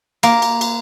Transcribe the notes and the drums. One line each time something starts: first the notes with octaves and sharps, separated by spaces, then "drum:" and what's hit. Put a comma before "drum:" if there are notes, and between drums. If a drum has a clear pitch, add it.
A#3, drum: cymbal
drum: cymbal
drum: cymbal